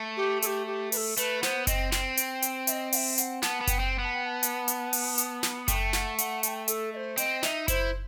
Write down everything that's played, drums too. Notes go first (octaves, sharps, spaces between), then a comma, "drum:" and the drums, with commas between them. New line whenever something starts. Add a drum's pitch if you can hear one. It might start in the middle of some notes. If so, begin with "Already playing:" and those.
Already playing: A3
G4
A4, drum: hi-hat
G4
G4
B4, drum: open hi-hat
A4
A3 B4, drum: hi-hat
B3 C5, drum: snare
C4 D#5, drum: kick F#1, hi-hat
C4, drum: snare
drum: hi-hat
drum: hi-hat
E5, drum: hi-hat
D#5
F#5, drum: open hi-hat
E5
F#5, drum: hi-hat
B3 A5, drum: snare
B3
G5, drum: kick F#1, hi-hat
C4
B3
A5
G5
A5
drum: hi-hat
drum: hi-hat
drum: open hi-hat
drum: hi-hat
drum: snare
A3 G5, drum: kick F#1, hi-hat
F#5, drum: snare
F#5, drum: hi-hat
A5, drum: hi-hat
G5
A4, drum: hi-hat
D#5
C5
C4 D#5, drum: hi-hat
D#4 E5, drum: snare
E4 C5, drum: kick F#1, hi-hat